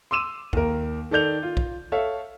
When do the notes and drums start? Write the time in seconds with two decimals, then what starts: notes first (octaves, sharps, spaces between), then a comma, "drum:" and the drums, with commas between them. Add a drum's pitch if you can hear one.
0.11 C6 D6 E6 D#7 E7
0.53 D#2 A#4, drum: kick B1
1.11 D#3 A4 D5 G6 F7
1.43 F4
1.57 drum: kick B1
1.92 A4 C#5 E5 F5